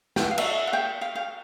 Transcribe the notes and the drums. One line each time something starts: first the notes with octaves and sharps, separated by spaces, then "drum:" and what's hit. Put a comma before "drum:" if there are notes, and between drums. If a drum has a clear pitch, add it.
G5, drum: snare
F#5
F5
E5 F#5, drum: cymbal
F#5
F5 G5
F5 G5
F5 G5